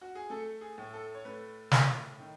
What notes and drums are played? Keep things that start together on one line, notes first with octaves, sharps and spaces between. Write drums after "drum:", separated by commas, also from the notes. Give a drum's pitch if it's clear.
F#4
G#4
A3 A4
G#4
A2
A4
C#5
A3 B4
A2, drum: snare
D#3